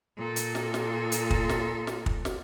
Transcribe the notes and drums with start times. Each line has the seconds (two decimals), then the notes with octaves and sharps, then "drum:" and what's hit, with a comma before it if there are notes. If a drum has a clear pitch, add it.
0.17 A#2 A4
0.36 drum: hi-hat
0.55 drum: snare
0.74 drum: snare
1.12 drum: hi-hat
1.31 drum: kick
1.49 drum: snare
1.87 drum: snare
2.06 drum: kick
2.25 drum: snare